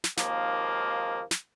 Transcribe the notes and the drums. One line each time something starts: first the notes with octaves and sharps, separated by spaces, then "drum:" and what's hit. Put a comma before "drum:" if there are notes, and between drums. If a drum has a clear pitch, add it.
drum: snare
G#1 D#2 F3 A#3, drum: snare
drum: snare